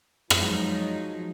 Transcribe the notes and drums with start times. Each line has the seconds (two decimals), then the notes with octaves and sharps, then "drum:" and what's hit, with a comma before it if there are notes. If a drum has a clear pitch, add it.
0.30 F3 F#3 G#3 D#4, drum: rim click